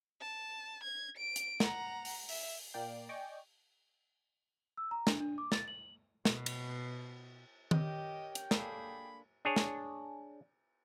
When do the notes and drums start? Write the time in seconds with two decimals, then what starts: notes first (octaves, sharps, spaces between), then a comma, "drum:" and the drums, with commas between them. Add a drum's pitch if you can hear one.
0.21 A5
0.83 G#6
1.17 D7
1.36 drum: hi-hat
1.60 F#5 A#5, drum: snare
2.05 drum: open hi-hat
2.29 E5, drum: open hi-hat
2.74 A#2 A#3 D5 G5 C7
3.09 D5 D#5 G5 G#5 C#6 D6
4.77 E6
4.91 A#5
5.07 D4, drum: snare
5.20 D4
5.38 D6
5.52 A6, drum: snare
5.68 F#7
6.25 B2, drum: snare
6.46 drum: cymbal
7.71 G4 A#4 C#5 D#5 G5, drum: tom D#3
8.35 drum: hi-hat
8.51 A#3 D4 G#4 A4 B5, drum: snare
9.45 D4 G#4 C#5
9.56 drum: snare